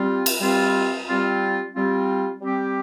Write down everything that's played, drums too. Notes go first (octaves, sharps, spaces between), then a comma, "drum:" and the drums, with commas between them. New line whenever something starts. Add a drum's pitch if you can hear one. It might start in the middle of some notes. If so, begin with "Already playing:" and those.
Already playing: G3 C4 F4
drum: cymbal
G3 C4 F4
G3 C4 F4
G3 C4 F4
G3 C4 G4